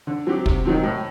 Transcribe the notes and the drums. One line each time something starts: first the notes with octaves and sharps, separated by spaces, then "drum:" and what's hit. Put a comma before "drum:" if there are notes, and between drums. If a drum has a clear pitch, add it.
D3
F#3 C4 G4
C3, drum: kick
D#3 F#3 C4
A2